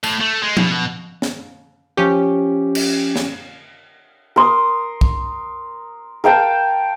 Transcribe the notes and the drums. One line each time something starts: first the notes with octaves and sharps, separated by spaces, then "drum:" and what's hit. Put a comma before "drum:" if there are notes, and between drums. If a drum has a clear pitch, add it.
A2, drum: tambourine
A3
G#3
B2, drum: tom F3
drum: snare
F3 C#4 G4
drum: cymbal
drum: snare
A#4 C6 D#6
drum: kick
A#4 F5 G5 A5